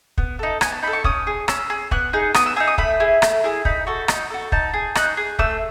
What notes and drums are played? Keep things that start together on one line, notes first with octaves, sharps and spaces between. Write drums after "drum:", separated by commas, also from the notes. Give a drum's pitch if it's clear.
B3, drum: kick
D#4 A4
B3 G#5, drum: rim click
A5
D#4 A4 B5
C#6
C#4 D#6, drum: kick
G#4
C#4 E6, drum: rim click
G#4
B3 F#6, drum: kick
D#4 G#4
B3 D#6, drum: rim click
E6
D#4 G#4 E6
D#6
A3 B5, drum: kick
E4 G#4
A3, drum: rim click
E4 G#4
D#4 B5, drum: kick
F#4 A4
D#4, drum: rim click
F#4 A4
D#4 A5, drum: kick
G#4
D#4 F#6, drum: rim click
G#4
A3 E6, drum: kick